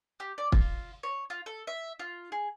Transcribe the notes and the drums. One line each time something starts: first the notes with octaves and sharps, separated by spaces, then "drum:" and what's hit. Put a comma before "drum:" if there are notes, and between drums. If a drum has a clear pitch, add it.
G4
D5
F4, drum: kick
C#5
F4
A4
E5
F4
G#4